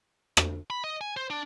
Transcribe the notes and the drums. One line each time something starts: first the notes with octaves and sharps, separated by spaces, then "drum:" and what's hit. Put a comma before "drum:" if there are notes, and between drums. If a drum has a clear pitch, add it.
drum: rim click
B5
D#5
G#5
C5
D4